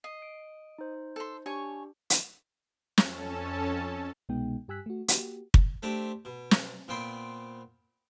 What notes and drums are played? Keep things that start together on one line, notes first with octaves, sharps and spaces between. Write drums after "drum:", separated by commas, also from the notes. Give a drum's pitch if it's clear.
D#5 C7
D7
D#4 C5
A4 C6
D4 G4 C#5 G#5 C#6
drum: hi-hat
F2 C#4 A4 A5, drum: snare
C2 B2 G#3 B3 D#4 G5
G2 G4 G#5 E6 F#6 B6
A3 F#4
A#3 F#4 G4, drum: hi-hat
drum: kick
A3 C4 D4 G4
B2
drum: snare
A#2 B3 C4 G5 C6